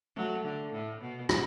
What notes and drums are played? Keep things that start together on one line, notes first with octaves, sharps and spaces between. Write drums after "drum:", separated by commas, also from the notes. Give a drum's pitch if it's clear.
F#3 A3
D3
A2
B2
G3, drum: rim click